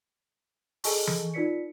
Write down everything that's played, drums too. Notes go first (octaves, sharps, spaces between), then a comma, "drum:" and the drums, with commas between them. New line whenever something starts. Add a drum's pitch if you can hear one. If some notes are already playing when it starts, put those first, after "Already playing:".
G#4 A4 D#5 G#5 A5 C#6, drum: open hi-hat
drum: tom E3
D#4 F4 A#4 D5 B6 C#7